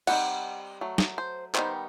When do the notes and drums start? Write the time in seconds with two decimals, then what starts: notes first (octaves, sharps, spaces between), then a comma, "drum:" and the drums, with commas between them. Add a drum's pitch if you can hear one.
0.07 G3 C4 D#4 F#5, drum: cymbal
0.81 F#3 A3
0.98 drum: snare
1.18 C5
1.55 D#3 G3 B3 D#4 C5, drum: clap